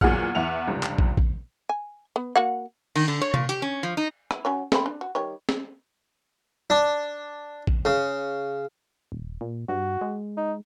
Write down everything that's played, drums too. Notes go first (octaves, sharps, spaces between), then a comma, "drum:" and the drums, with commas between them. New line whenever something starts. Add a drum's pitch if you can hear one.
E2 A#2 F#3 G#4 F#5 F6, drum: kick
E2 E4 F#5 F7
F1 C#2 G2
drum: clap
drum: kick
drum: kick
G#5
B3
A#3 F#4 F#5
D#3, drum: cymbal
D3
C#5
A#2, drum: tom C3
G4, drum: hi-hat
C#4
F3
D#4
E4, drum: rim click
F#3 C#4 C#5
A3 C4 B5, drum: snare
D4
F#4
D#3 G3 C#5
drum: snare
D4
drum: kick
C#3
D#1
A#2
G2 F#4
G#3
D#4